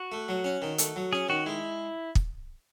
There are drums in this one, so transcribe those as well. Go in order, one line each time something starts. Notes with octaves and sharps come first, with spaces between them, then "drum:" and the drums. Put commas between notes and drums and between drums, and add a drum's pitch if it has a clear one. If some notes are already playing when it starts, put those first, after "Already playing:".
Already playing: F#4
A3
F#3
C#4
D#3
A3, drum: hi-hat
F#3
C#4 G#4
D#3 F#4
G#3 E4
drum: kick